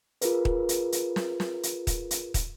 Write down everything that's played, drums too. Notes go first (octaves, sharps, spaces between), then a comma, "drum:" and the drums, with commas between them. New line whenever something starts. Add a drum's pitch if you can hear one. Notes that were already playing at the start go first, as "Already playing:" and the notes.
F4 G#4 A#4 B4, drum: hi-hat
drum: kick
drum: hi-hat
drum: hi-hat
drum: snare
drum: snare
drum: hi-hat
drum: kick, hi-hat
drum: hi-hat
drum: kick, hi-hat